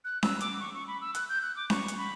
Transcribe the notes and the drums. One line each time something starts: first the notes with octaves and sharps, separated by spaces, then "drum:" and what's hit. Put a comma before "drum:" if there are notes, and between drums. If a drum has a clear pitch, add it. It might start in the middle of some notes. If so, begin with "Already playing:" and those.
F#6
E6, drum: snare C#4
D6, drum: hi-hat
C#6
C#6
B5
E6
F#6, drum: hi-hat
G6
F#6
D6
C#6, drum: snare C#4
drum: hi-hat
B5